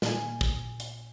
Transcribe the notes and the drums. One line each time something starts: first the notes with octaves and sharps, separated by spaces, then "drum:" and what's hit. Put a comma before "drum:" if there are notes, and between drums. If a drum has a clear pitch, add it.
A#2 G#5, drum: snare
drum: kick
drum: hi-hat